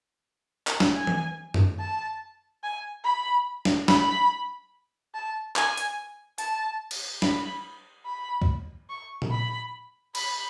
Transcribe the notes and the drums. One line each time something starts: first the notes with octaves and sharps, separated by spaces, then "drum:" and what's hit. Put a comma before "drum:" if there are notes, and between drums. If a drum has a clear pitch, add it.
drum: clap
drum: snare
G#5
drum: tom E3
drum: tom F#2
A5
G#5
B5
drum: snare
B5, drum: snare
A5
G#5, drum: clap
drum: hi-hat
A5, drum: hi-hat
drum: cymbal
B5, drum: snare
B5
drum: kick C2
C#6
drum: tom A#2
B5
B5, drum: cymbal